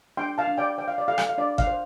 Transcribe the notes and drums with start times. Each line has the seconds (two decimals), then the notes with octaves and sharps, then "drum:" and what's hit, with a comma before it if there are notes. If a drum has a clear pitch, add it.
0.17 D4 G5 C6
0.38 F5 A5
0.47 D4
0.58 D5 G5
0.78 C5 G5
0.88 F5
0.98 D5
1.08 A4 F5
1.18 drum: rim click
1.29 F5
1.38 D4 D5
1.58 F5, drum: kick G1
1.67 C5